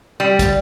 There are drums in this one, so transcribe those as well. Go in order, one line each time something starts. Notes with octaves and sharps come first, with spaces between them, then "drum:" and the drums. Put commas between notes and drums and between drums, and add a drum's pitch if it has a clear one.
G3
drum: kick, hi-hat